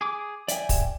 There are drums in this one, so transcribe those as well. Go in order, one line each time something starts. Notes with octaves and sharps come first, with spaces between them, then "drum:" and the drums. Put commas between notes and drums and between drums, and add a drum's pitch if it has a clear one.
G#4 D6
D5 E5 G5 G#5, drum: hi-hat
drum: kick, open hi-hat